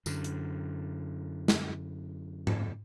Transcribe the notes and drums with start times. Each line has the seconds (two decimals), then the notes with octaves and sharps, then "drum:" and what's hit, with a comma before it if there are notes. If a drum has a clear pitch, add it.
0.06 F#2 D3, drum: tambourine
0.24 drum: hi-hat
1.48 drum: snare
2.47 drum: tom G#2